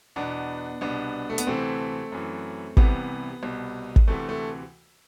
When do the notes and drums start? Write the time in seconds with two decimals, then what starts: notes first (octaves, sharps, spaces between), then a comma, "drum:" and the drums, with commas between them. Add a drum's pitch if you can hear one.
0.16 E2 B2 B3 D4
0.81 C2 B2 B3 D4
1.30 A3
1.38 B3, drum: hi-hat
1.47 D2 C3 E3 A3 C4
2.12 F#2 E3
2.77 C2 C3 E3 B3, drum: kick
3.43 C2 B2
3.96 drum: kick
4.08 D2 C3 E3 A3
4.29 A3